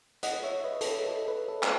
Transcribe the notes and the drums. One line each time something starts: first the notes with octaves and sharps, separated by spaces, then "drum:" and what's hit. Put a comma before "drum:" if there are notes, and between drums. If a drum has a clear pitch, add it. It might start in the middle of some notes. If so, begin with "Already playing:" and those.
D#5 F#5, drum: hi-hat
C#5 E5
B4 D#5
A4, drum: hi-hat
B4
A4
A4
B4
A4
drum: clap